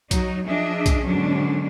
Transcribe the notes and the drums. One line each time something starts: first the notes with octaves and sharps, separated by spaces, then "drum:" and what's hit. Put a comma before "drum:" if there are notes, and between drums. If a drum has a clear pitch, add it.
F#3 D#4, drum: kick B1, hi-hat
F3 D4 G#4 D#5 E5
drum: kick B1, hi-hat
G#2 B2 D3 F#3 C#4 D4